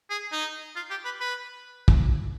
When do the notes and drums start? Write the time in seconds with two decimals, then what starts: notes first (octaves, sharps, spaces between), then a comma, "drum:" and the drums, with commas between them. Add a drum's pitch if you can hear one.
0.10 G#4
0.32 D#4
0.76 F4
0.90 G4
1.05 B4
1.20 B4
1.88 drum: kick